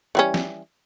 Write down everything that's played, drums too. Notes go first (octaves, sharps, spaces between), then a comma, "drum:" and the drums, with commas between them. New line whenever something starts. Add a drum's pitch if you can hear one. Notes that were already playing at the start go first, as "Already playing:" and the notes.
E3 G3 C#4
drum: snare